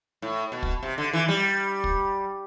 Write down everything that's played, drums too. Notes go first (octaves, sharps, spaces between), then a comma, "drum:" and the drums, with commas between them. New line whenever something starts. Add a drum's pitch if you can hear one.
A2
B2
drum: kick
C3
D3
E3
G3
drum: kick